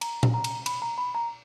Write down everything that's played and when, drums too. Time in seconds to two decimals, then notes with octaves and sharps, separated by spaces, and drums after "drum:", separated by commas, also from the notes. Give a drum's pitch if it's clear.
0.01 A#5, drum: cymbal
0.23 drum: tom A#2
0.34 A#5
0.44 drum: cymbal
0.66 B5, drum: cymbal
0.82 A#5
0.98 B5
1.15 A#5